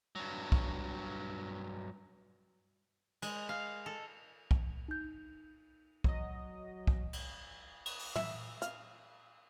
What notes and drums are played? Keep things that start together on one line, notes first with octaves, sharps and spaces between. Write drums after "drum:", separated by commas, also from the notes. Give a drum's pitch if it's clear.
G2 F#3
drum: kick
G#3, drum: cymbal
F5
A4
drum: kick
D#4 G6
F#3 D#5, drum: kick
drum: kick
drum: cymbal
drum: cymbal
drum: open hi-hat
E5, drum: tom
F5, drum: hi-hat